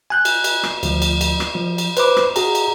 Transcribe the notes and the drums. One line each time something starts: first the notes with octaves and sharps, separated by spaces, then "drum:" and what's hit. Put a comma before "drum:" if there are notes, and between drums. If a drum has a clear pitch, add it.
G#5 F#6 G6
drum: cymbal
drum: cymbal
drum: rim click
D2 F3, drum: cymbal
drum: cymbal
drum: cymbal
drum: rim click
F3
drum: cymbal
B4 C5 D6, drum: cymbal
drum: rim click
F#4 G#4 A#5, drum: cymbal
drum: cymbal